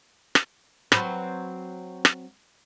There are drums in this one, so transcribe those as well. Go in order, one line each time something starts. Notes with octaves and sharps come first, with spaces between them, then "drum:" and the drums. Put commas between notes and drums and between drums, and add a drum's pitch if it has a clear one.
drum: rim click
F#3 C4 B4, drum: rim click
drum: rim click